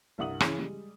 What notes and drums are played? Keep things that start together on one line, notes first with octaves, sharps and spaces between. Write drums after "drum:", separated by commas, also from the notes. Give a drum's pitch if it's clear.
C2 G2 E5 F#5 D#6 F#7
C#3 E3 C#4 G#4, drum: rim click
G3 G#3